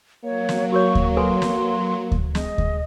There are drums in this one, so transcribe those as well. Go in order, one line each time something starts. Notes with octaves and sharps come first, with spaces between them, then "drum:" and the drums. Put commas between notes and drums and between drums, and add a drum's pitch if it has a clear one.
F#3 A#3 C#5
drum: snare
F#4 A#4 C#5 C#6
drum: kick D2
A4 B4 G#5 C6
drum: snare
drum: kick D2
G#3 D#5, drum: snare
drum: kick D2